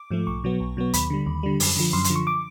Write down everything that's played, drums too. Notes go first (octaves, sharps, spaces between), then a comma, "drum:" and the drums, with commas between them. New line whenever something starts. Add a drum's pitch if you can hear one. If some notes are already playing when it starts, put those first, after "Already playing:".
Already playing: D6
G#2 F3 A3
B1 C#6
B2 F#3 B3
B1
B2 F#3 B3
D#2 B5, drum: hi-hat
D3 G3
D#2
D3 G3
F#2, drum: open hi-hat
D3 F3
F#2 C6
C6, drum: hi-hat
D3 F3
C#6
D6